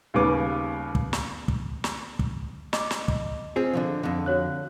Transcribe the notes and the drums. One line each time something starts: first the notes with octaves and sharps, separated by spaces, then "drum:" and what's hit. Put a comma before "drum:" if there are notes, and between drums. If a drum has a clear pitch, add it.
D#2 C#3 G3 B3 D6
drum: kick
drum: snare
drum: kick
drum: snare
drum: kick
D#5 D6, drum: snare
drum: snare
drum: kick
C4 F4 G#4
D3 D#3 F3
F2 D3
F#4 C#5 F#6